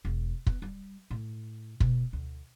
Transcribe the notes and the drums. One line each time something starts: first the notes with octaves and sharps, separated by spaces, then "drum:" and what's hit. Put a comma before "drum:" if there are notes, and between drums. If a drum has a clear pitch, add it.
E1
B3, drum: kick
G3
A2
B2, drum: kick
D2